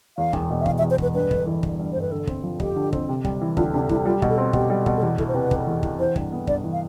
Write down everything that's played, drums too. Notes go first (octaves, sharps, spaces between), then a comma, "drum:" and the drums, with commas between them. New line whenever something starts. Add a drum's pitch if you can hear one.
E2 F5
E1, drum: kick
B2
E5
E1 F5, drum: kick
E5
E2
C5
E1 B4, drum: kick
G2 B4
G1, drum: kick
E3
G1, drum: kick
G2
G1 C5
B4
D3 A4
C4, drum: kick
F3
F2 G4, drum: kick
D3
C4, drum: kick
C3
G3, drum: kick
E3
D2 F4, drum: kick
C3 D4
G3 E4, drum: kick
G3 F4
B2, drum: kick
A4
C4
B2 G4, drum: kick
G3
B2, drum: kick
A4
E2 G4
E3 A4, drum: kick
C5
C3 B4
F1, drum: kick
E2
E3, drum: kick
E3 C5
G2, drum: kick
B3
G2 D5, drum: kick
E3
F5